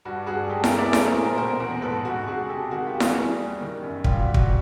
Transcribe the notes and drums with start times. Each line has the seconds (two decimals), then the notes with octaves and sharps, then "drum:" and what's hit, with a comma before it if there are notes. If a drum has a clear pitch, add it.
0.05 G2 F#4
0.26 G2 F#4 G#4
0.49 G#3 G4 A4
0.64 G#4 A#4, drum: snare E4
0.72 G#3
0.78 D5 E5
0.93 A3 G#4 A#4, drum: snare E4
1.08 A#4 C5
1.16 A#2
1.23 A#4 C5
1.37 B2 A#4 C5
1.60 E2
1.82 G#2 A4 B4
2.04 G#2 F#4
2.27 C3 F#4 G#4
2.49 C3 G4 A4
2.71 D#3 F#4 G#4
2.87 F4 G4
2.94 E2
3.00 F#4 G#4, drum: snare E4
3.16 G3
3.38 G3
3.61 D#3
3.82 F#2
4.04 G3 F4 G4, drum: kick
4.19 F#4
4.26 G3
4.34 F#4, drum: kick